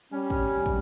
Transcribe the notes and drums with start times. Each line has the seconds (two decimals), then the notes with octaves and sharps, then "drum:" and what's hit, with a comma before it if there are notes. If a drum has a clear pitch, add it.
0.12 G3 C#4
0.30 drum: kick
0.66 drum: kick